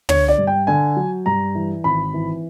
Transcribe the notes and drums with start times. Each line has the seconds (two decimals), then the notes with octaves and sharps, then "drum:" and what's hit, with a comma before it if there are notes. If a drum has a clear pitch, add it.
0.09 D3 C#5, drum: tom
0.28 D5
0.38 G2
0.47 G5
0.67 D3 G#5
0.96 F#3
1.26 G2 A#5
1.55 E3
1.84 G#1 B5
2.14 E3